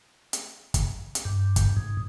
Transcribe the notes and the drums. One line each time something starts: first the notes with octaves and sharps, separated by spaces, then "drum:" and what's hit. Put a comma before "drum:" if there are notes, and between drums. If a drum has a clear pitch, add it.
drum: hi-hat
drum: kick, hi-hat
drum: hi-hat
G2
drum: kick, hi-hat
G#2